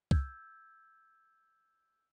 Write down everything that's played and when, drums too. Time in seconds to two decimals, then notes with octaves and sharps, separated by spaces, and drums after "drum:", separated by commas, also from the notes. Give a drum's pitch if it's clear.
0.11 E6 G6 G#6, drum: kick